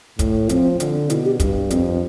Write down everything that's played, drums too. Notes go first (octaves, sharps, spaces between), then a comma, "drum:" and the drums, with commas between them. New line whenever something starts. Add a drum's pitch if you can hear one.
A2, drum: kick, hi-hat
F3 C4, drum: hi-hat
D3, drum: hi-hat
B2 E4, drum: hi-hat
G4
G2, drum: kick, hi-hat
F2 C4, drum: hi-hat